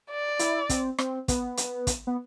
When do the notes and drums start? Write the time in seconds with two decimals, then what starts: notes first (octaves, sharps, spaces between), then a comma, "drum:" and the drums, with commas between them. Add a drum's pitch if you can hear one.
0.10 D5
0.39 E4, drum: hi-hat
0.70 C4, drum: kick, hi-hat
0.98 C4, drum: rim click
1.28 B3, drum: kick, hi-hat
1.57 drum: hi-hat
1.87 drum: kick, hi-hat
2.07 B3